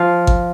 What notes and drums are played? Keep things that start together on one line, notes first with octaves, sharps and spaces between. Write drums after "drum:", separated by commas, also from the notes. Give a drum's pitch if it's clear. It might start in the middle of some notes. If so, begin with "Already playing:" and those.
Already playing: F3 F5
drum: kick G#1